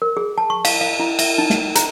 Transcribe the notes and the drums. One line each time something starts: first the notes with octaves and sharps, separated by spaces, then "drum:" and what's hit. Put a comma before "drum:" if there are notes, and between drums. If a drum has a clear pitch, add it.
A#4
G#4
A5
C#6
F5, drum: cymbal
F5
E4
E5, drum: cymbal
D#4
drum: snare
A#5, drum: hi-hat